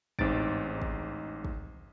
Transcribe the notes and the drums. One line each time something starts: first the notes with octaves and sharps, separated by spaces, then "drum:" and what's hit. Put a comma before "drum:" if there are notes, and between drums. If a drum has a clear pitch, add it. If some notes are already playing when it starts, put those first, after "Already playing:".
A1 G#2 C4 D#4 A6 D7, drum: kick
drum: kick
drum: kick